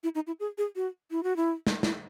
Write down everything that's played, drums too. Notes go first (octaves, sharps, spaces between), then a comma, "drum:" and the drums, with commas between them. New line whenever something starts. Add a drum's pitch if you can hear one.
E4
D#4
E4
G#4
G#4
F#4
E4
F#4
E4
drum: snare
E4, drum: snare